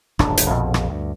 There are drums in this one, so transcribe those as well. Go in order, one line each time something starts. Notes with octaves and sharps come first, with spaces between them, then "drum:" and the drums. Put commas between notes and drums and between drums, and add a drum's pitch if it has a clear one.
D#1 A1 F#2 D4, drum: rim click
drum: hi-hat
A#1 F2 B2
drum: rim click
D2 G2